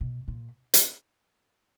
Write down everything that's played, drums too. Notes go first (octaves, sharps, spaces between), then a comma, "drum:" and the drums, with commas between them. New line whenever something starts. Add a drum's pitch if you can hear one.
B2
A#2
drum: hi-hat